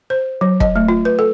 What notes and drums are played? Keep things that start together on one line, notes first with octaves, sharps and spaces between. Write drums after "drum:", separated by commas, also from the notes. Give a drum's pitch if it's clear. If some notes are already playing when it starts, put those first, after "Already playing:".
C5
F#3
D#5, drum: kick
A3
F4
B4
A4